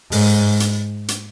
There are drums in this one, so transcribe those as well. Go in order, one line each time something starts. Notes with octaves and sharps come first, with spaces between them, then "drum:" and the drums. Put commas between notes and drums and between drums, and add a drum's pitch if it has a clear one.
G#2, drum: open hi-hat
drum: hi-hat
drum: hi-hat